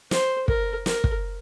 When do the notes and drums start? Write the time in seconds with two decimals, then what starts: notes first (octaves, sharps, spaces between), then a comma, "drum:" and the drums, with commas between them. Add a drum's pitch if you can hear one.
0.11 C5, drum: snare
0.48 A#4, drum: kick
0.86 A#4, drum: snare
1.04 drum: kick